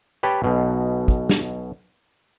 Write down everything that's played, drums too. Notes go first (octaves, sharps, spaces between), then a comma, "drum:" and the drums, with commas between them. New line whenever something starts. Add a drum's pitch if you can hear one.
G4 B4 C#5 G5 A5
B1 B2
drum: kick
drum: snare